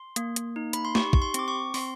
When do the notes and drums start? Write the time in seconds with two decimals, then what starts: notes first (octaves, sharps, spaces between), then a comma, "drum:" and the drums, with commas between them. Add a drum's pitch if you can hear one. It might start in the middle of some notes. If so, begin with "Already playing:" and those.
Already playing: C6
0.16 A#3, drum: hi-hat
0.36 drum: hi-hat
0.56 D#4
0.73 B5, drum: hi-hat
0.85 C6
0.95 G4 C#6, drum: snare
1.13 C#6, drum: kick
1.22 C6
1.34 C4 D6, drum: hi-hat
1.48 C#6
1.74 C4 C6, drum: open hi-hat